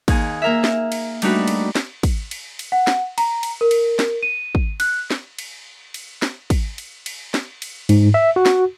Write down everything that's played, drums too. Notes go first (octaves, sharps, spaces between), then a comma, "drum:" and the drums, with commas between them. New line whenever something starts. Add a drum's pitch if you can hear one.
D#2 G#4, drum: kick, cymbal
A#3 A#4 E5
drum: snare
drum: cymbal
G3 A3 D4 D#4 F#4 B4, drum: cymbal
drum: cymbal
drum: snare
drum: kick, cymbal
drum: cymbal
drum: cymbal
F#5
drum: snare
A#5, drum: cymbal
drum: cymbal
A#4
drum: cymbal
drum: snare
D#7
drum: kick
F#6, drum: cymbal
drum: snare
drum: cymbal
drum: cymbal
drum: snare
drum: kick, cymbal
drum: cymbal
drum: cymbal
drum: snare
drum: cymbal
G#2, drum: cymbal
E5
F#4
drum: snare